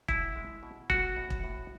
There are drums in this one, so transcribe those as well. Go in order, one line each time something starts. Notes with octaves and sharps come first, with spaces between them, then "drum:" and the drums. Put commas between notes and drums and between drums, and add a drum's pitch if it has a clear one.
B2 E4, drum: kick E1
G#3
B2
A3 F#4, drum: kick E1
A2
drum: kick E1
A2